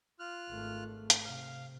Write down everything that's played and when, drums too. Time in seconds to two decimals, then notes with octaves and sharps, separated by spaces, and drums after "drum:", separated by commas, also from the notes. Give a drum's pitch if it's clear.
0.19 F4 F6 F#6
0.49 G#1 A3
1.10 drum: hi-hat
1.25 C3 F5